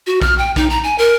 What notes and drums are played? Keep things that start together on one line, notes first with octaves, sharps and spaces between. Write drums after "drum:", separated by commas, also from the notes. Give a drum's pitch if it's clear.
F#4
F6, drum: kick A#1
G5
D#4, drum: kick A#1
A#5
G#5
A#4